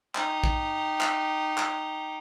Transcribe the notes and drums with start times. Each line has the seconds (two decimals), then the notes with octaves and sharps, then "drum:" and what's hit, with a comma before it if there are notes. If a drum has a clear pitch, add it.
0.15 D#4 G4, drum: clap
0.44 drum: kick
1.01 drum: clap
1.58 drum: clap